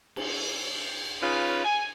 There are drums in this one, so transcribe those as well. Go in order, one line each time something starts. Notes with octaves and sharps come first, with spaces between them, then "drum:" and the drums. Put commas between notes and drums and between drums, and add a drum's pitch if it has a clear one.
drum: cymbal
C#3 C#4 D#4 F4 B4
G#5